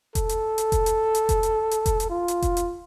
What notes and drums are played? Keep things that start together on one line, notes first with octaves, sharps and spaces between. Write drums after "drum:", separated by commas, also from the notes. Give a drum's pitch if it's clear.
A4, drum: kick F1, hi-hat
drum: hi-hat
drum: hi-hat
drum: kick F1, hi-hat
drum: hi-hat
drum: hi-hat
drum: kick F1, hi-hat
drum: hi-hat
drum: hi-hat
drum: kick F1, hi-hat
drum: hi-hat
F4
drum: hi-hat
drum: kick F1, hi-hat
drum: hi-hat